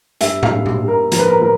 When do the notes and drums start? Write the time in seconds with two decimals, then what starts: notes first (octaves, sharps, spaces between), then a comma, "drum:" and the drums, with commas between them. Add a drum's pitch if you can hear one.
0.21 G2 E5, drum: hi-hat
0.43 F5, drum: tom A2
0.51 G2
0.66 drum: tom
0.81 G2
0.88 A#4
1.12 F3 A#4, drum: hi-hat
1.19 B4
1.27 A#4
1.41 F3 A#4